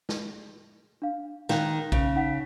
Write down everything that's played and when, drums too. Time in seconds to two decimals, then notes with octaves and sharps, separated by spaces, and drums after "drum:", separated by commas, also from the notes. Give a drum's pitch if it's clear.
0.09 drum: snare
1.02 D4 F5
1.49 D#3 F5 G5 F#6, drum: snare
1.92 C#3, drum: kick A#1
2.16 D#4 F#5 B6